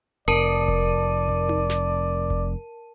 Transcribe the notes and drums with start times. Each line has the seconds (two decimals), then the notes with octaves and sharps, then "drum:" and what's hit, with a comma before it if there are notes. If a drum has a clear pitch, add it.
0.28 F1 A#4 D5 A5 D#7
0.68 drum: kick F1
1.29 drum: kick F1
1.49 drum: tom D#4
1.70 drum: snare
2.30 drum: kick F1